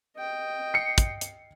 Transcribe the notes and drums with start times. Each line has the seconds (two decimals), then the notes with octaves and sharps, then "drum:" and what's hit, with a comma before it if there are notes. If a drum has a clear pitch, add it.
0.17 D#5 G5
0.74 C7 C#7
0.98 drum: kick, hi-hat
1.21 drum: hi-hat